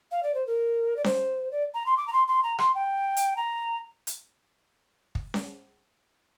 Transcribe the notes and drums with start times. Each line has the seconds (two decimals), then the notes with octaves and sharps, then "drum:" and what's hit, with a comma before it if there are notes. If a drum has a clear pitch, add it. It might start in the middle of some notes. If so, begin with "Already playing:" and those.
0.11 F5
0.23 D5
0.34 C5
0.47 A#4
0.96 D5
1.04 C5, drum: snare C#4
1.51 D5
1.74 A#5
1.86 C6
1.97 D6
2.07 A#5
2.13 C6
2.27 C6
2.43 A#5
2.58 C6, drum: rim click
2.75 G5
3.17 drum: hi-hat
3.36 A#5
4.07 drum: hi-hat
5.15 drum: kick
5.34 drum: snare C#4